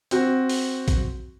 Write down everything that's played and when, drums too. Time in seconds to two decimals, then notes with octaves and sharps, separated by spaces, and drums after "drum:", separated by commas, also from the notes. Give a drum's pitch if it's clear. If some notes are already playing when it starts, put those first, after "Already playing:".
0.11 C4 F#4, drum: hi-hat
0.49 drum: open hi-hat
0.88 drum: kick, hi-hat